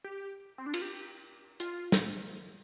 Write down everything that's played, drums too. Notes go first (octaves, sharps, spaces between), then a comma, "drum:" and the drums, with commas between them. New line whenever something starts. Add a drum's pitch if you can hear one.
G4
C4
D4
F4, drum: cymbal
G4
F4, drum: hi-hat
drum: snare